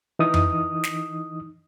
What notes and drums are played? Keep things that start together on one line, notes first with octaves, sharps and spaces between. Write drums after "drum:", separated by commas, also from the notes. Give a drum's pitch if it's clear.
E3 D#4 D#6
drum: tom F2
drum: snare